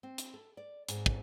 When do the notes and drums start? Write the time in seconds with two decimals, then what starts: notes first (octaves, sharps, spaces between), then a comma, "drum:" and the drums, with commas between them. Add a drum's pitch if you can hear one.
0.03 C4
0.18 drum: hi-hat
0.34 A4
0.57 D5
0.88 G#2, drum: hi-hat
1.06 drum: kick